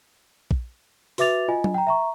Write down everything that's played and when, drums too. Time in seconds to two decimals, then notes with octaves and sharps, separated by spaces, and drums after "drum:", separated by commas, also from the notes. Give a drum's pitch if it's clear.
0.51 drum: kick
1.18 F#4 B4 E5 D6 A6 F7, drum: open hi-hat
1.48 F4 D#5 G#5
1.64 drum: tom F#3
1.74 G5 A#5
1.87 E5 A#5 C#6